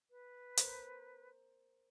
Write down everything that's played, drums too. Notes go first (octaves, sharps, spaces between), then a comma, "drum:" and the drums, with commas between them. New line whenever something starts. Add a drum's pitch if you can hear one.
B4
A#4 C5, drum: hi-hat